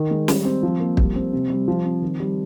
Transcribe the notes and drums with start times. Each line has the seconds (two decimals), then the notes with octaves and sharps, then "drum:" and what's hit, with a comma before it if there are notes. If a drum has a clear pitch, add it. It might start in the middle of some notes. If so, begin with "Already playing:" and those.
Already playing: D#3
0.11 G#3
0.28 G3, drum: snare
0.45 C4
0.63 F3
0.80 A#3
0.97 G3, drum: kick
1.16 C4
1.33 C3
1.50 G3
1.68 F3
1.85 C4
2.02 D#3
2.20 G3